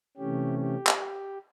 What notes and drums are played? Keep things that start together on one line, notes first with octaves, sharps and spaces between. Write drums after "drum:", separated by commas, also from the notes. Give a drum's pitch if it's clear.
C3 E3 A3 C#4 G4
G4
drum: clap